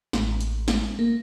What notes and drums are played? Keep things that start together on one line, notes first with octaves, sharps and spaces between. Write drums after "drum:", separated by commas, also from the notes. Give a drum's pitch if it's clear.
A1, drum: snare
drum: hi-hat
drum: snare
A#3